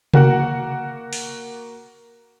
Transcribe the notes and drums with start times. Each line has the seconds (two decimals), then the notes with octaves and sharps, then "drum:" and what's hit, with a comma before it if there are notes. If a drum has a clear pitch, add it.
0.14 A#3 F#4 A#4 F#5, drum: tom C3
1.13 drum: open hi-hat